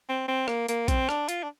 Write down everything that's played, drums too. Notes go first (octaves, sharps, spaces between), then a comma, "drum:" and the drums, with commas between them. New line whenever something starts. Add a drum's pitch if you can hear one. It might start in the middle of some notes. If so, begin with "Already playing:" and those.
C4
C4
A#3, drum: rim click
A#3, drum: hi-hat
C4, drum: kick A#1, hi-hat
D4, drum: rim click
F4, drum: hi-hat
D4